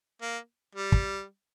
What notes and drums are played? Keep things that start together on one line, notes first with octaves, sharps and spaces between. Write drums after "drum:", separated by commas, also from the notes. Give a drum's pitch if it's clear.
A#3
G3
drum: kick